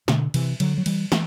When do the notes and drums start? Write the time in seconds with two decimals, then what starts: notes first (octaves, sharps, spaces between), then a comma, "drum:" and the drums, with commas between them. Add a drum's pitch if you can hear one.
0.08 B2 D3, drum: snare
0.34 C3 E3, drum: cymbal
0.60 D3 F#3, drum: cymbal
0.78 F#3
0.86 E3 G3, drum: cymbal
1.12 E3, drum: snare